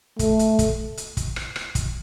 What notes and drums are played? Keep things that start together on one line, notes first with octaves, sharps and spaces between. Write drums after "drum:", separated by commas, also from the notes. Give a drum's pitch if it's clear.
A3, drum: kick, hi-hat
drum: hi-hat
drum: kick, hi-hat
drum: hi-hat
drum: kick, hi-hat
drum: rim click
drum: rim click
drum: kick, hi-hat